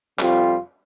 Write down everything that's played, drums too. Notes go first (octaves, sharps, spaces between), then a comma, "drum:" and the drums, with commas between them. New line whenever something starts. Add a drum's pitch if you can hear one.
F2 C3 G3 C4 F4, drum: clap